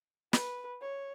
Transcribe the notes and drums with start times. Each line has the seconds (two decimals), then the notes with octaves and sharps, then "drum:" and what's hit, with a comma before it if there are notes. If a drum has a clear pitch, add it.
0.33 B4, drum: snare
0.82 C#5